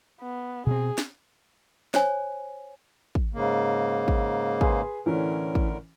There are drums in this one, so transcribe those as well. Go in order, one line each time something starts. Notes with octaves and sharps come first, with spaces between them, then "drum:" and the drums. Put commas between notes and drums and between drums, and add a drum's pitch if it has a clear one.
B3
B2 C4 G#4
drum: snare
C5 C#5 G#5, drum: snare
drum: kick
G#2 C#3 A#3
drum: kick
G#4 B4 C6, drum: kick
A2 D3 E3 C#4 A#4
drum: kick